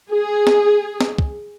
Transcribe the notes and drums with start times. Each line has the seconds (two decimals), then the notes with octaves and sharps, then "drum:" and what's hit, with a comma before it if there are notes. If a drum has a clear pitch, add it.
0.11 G#4
0.47 drum: snare
1.01 drum: snare
1.18 drum: kick